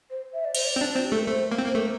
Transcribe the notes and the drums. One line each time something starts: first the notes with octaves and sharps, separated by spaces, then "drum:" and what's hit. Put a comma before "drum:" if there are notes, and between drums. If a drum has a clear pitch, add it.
C5
E5
D5
C5, drum: cymbal
D5
C4
D4
C4 F4
G4
A3 A4
A#4
A3 C5
A#3
C4
A#3
C5
A3 A#4